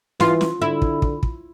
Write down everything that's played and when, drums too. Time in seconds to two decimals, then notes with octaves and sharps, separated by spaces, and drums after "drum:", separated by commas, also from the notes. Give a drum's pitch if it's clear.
0.20 E3 F4, drum: snare
0.41 drum: snare
0.61 D3 E4
0.82 drum: kick
1.02 drum: kick
1.23 drum: kick